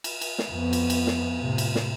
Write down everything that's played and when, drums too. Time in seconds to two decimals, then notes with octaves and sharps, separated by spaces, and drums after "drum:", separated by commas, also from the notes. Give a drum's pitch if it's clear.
0.04 drum: cymbal
0.21 drum: cymbal
0.39 drum: snare
0.51 F2 B3
0.73 drum: cymbal
0.90 drum: cymbal
1.07 drum: snare
1.41 A2 C3
1.58 drum: cymbal
1.75 drum: snare